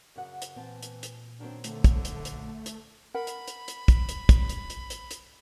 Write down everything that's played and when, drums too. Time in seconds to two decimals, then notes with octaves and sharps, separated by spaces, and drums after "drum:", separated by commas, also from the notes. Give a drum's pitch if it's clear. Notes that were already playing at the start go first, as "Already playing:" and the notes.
0.16 F#2 C#3 F#5
0.42 drum: hi-hat
0.56 A#2 E3 C4 A5
0.83 drum: hi-hat
1.03 drum: hi-hat
1.40 D#3 F#3 C4 D4
1.64 D3 A3, drum: hi-hat
1.84 drum: kick, hi-hat
2.05 drum: hi-hat
2.25 drum: hi-hat
2.66 drum: hi-hat
3.14 A#4 F#5 B5
3.27 drum: hi-hat
3.48 drum: hi-hat
3.68 drum: hi-hat
3.88 drum: kick, hi-hat
4.09 drum: hi-hat
4.29 drum: kick, hi-hat
4.49 drum: hi-hat
4.70 drum: hi-hat
4.90 drum: hi-hat
5.11 drum: hi-hat